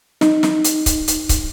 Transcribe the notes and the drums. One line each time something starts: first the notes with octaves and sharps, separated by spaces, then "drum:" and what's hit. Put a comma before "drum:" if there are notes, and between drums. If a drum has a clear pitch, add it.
D#4, drum: snare
drum: snare
drum: hi-hat
drum: kick C#1, hi-hat
drum: hi-hat
drum: kick C#1, hi-hat